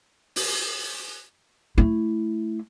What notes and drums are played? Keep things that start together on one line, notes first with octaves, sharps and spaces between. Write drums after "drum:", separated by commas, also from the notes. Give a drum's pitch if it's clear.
drum: open hi-hat
A3 E4